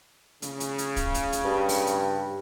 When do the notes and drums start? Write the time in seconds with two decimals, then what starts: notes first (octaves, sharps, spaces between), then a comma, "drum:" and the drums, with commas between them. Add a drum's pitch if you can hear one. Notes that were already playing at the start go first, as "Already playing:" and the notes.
0.42 C#3, drum: hi-hat
0.60 drum: hi-hat
0.78 drum: hi-hat
0.96 drum: kick, hi-hat
1.14 drum: hi-hat
1.33 drum: hi-hat
1.45 G2
1.69 drum: open hi-hat
1.87 drum: hi-hat